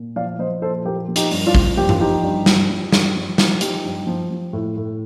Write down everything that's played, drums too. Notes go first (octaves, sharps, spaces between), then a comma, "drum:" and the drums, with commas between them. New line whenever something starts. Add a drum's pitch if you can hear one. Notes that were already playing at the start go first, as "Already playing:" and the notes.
Already playing: A#2
F3 D5 F5
F3 C5 D#5
A#2 A4 C5
F3 G4 A#4
F3
D#4 G4, drum: hi-hat
G2, drum: open hi-hat
D4 F4
F3, drum: kick
F3 G4
F4, drum: tom G2
F3 D#4 G4
G2
F3, drum: snare
F3
G2, drum: snare
F3
F3, drum: snare
F3 D#4 G4, drum: hi-hat
G2
F3
F3
A2
A2